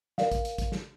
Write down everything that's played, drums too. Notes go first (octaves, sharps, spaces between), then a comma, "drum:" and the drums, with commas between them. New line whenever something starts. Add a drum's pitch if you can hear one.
A#4 D5 F5, drum: snare
drum: kick, hi-hat
drum: hi-hat
drum: kick, hi-hat
drum: snare